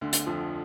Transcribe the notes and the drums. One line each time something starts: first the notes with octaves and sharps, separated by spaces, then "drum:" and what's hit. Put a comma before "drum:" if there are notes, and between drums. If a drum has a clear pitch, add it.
D2 D3
drum: hi-hat
F2 F3